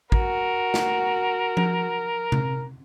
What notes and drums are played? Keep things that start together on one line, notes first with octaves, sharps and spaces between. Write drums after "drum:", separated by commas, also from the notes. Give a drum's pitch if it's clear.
F#4 A#4, drum: kick
drum: snare
drum: tom F3
drum: tom C3